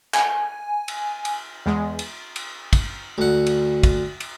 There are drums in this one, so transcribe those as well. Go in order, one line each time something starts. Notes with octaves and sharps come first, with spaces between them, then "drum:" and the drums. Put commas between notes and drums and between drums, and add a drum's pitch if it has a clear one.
G#5, drum: clap
drum: cymbal
drum: cymbal
E2 G#3
drum: cymbal
drum: cymbal
drum: kick, cymbal
D2 F#5
drum: cymbal
drum: kick, cymbal
drum: cymbal